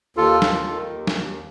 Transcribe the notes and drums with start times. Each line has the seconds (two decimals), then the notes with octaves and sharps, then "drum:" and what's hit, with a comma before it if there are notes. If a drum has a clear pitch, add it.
0.17 D#2 F4 A4
0.42 D#3, drum: snare
0.67 D#3
0.93 D#2
1.07 drum: snare
1.18 D#2